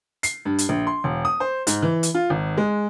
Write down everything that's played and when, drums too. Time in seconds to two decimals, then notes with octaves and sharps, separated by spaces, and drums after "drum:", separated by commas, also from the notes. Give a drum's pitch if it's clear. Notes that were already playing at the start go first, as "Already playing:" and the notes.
0.23 C7, drum: hi-hat
0.45 G2
0.58 drum: hi-hat
0.69 A#1
0.87 C6
1.04 E1
1.25 D#6
1.40 C5
1.67 G#2, drum: hi-hat
1.83 E3
2.03 drum: hi-hat
2.14 F4
2.30 G#1
2.57 G#3